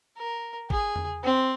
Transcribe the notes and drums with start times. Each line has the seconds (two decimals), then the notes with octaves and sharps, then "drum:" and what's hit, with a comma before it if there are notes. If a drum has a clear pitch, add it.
0.18 A#4
0.70 G#4, drum: kick
0.96 drum: tom E2
1.24 C4